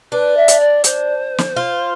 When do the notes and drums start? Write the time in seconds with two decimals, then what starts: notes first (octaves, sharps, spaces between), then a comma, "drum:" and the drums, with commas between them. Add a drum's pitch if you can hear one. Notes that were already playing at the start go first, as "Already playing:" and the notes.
0.12 D4 B4
0.37 E5
0.48 drum: hi-hat
0.60 D5
0.84 C5, drum: hi-hat
1.38 drum: snare
1.56 F4